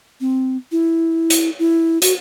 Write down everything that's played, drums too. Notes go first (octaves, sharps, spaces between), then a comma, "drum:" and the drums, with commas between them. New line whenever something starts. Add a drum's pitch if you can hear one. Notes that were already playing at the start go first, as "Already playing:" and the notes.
C4
E4
drum: hi-hat
E4
F#4, drum: hi-hat